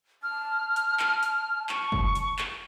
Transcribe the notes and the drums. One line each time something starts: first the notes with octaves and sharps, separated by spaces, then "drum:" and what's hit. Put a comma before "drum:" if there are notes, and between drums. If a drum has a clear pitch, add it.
A5 F6
drum: hi-hat
drum: clap
drum: hi-hat
C#6, drum: clap
drum: kick F#1
drum: hi-hat
drum: clap